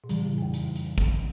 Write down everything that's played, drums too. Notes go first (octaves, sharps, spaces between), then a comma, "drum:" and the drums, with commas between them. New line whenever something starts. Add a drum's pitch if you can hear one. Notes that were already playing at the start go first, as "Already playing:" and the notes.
A#2
A2 C#3 E3 G3, drum: hi-hat
F#2
F#2
F2
drum: hi-hat
drum: hi-hat
drum: kick, hi-hat